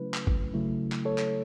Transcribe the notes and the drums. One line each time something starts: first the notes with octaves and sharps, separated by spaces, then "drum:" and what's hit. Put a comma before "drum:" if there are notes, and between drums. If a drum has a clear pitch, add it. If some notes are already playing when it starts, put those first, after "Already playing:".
Already playing: C#3 F#3 A3 C#4 E4 B4
drum: clap
drum: kick
C#3 F#3 A3 E4
drum: clap
A4 C#5
drum: clap